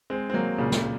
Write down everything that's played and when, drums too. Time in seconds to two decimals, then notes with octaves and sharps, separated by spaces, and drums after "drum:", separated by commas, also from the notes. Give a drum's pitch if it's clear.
0.10 G#3 C4
0.30 C4
0.34 F#3 A#3
0.58 A#2 C#3
0.72 drum: snare